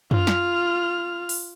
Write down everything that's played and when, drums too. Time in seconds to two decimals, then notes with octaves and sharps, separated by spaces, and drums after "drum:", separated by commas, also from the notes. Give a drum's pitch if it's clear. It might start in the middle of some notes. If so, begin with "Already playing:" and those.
0.11 F4 F6, drum: tom F#2
0.27 drum: snare
1.29 drum: open hi-hat